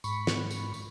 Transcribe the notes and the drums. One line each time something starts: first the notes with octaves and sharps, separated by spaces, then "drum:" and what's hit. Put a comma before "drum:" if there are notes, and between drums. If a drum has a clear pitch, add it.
G#2 B5 C#6, drum: tambourine
drum: snare
drum: tambourine
drum: tambourine